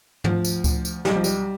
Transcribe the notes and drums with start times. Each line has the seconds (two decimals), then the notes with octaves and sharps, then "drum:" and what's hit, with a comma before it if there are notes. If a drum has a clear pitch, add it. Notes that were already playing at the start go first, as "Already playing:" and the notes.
0.24 D2 F3, drum: tom
0.45 drum: tambourine
0.64 D2, drum: kick C#2, tambourine
0.85 drum: tambourine
1.05 B1 G3, drum: snare
1.15 F3
1.24 G3, drum: tambourine